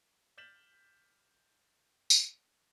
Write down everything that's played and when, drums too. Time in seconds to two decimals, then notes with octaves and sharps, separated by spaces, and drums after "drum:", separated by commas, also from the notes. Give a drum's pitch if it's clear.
0.38 F6 G6 A6 B6 E7 F#7
2.10 drum: tambourine